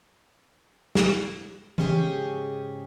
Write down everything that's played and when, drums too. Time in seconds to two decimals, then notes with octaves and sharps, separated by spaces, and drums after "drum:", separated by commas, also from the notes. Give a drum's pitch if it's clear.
0.95 drum: snare
1.78 G#2 C#3 C#4 G4 G#4, drum: tom E3